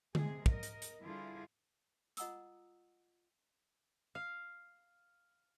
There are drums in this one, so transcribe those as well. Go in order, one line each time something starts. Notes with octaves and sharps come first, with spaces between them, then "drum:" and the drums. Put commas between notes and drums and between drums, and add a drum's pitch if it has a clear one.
C3 G#3 G#4, drum: tom D3
A#4 D#5, drum: kick
drum: hi-hat
drum: hi-hat
G2 D3 E4 F4 G#4
F4 D#5 F#5 A#5 D#6 E6, drum: hi-hat
F5